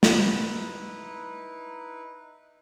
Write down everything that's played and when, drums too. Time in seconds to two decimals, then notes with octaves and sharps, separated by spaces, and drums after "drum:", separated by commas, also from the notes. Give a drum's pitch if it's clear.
0.03 D#4 E4 B4, drum: snare